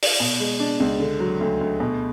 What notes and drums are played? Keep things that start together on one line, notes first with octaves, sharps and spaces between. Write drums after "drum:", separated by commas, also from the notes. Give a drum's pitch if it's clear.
drum: open hi-hat
B2
G#3
D4
C#2
D3
F#3
D2
D2
B2